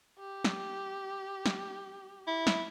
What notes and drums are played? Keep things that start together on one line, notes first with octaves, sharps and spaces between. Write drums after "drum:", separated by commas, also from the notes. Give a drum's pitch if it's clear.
G4
drum: snare
drum: snare
E4
drum: snare